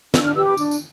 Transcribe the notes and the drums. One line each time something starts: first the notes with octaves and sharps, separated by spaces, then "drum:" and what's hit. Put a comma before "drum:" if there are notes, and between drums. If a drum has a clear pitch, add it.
D4 E6, drum: snare
F6
G4 B4 E6
D6
D4, drum: tambourine
drum: tambourine